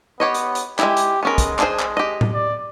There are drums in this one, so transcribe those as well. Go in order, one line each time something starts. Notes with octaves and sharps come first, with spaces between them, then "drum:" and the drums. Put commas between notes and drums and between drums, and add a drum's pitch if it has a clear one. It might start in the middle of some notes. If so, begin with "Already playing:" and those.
B3 G4 C#5 D#5
drum: hi-hat
drum: hi-hat
G#3 E4 G4, drum: clap
drum: hi-hat
G#3 B3 C#4 A#4
drum: kick, hi-hat
D4 G#4 C5, drum: clap
drum: clap
G4 D#5
drum: tom A2
D5